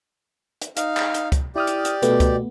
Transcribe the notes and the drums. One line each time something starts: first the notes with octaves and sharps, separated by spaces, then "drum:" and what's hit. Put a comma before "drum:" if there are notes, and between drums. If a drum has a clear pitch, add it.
drum: hi-hat
D#4 F5, drum: hi-hat
drum: clap
drum: hi-hat
drum: kick, hi-hat
E4 G4 D5 D#6 F6
drum: hi-hat
drum: hi-hat
B2 A3 B3, drum: hi-hat
drum: kick, hi-hat